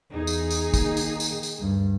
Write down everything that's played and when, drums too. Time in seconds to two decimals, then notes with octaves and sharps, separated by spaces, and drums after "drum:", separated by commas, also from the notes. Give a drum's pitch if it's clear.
0.12 E2 D#4 G#4
0.27 drum: tambourine
0.50 drum: tambourine
0.74 D#3 A#3, drum: kick, tambourine
0.97 drum: tambourine
1.20 drum: tambourine
1.43 drum: tambourine
1.60 D2 G2